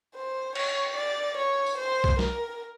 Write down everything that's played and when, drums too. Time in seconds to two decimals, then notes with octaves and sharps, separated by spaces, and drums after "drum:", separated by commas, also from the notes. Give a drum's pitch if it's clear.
0.15 C5
0.55 C#5, drum: cymbal
0.96 D5
1.37 C#5
1.66 drum: tambourine
1.78 C5
2.04 drum: kick B1
2.19 A#4, drum: snare